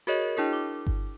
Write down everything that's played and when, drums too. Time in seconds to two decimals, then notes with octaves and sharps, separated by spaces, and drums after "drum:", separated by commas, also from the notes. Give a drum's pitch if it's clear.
0.07 F#4 G#4 A#4 C#5 D#5
0.37 D4 E4 G#4 A#4
0.53 D6
0.87 drum: kick G1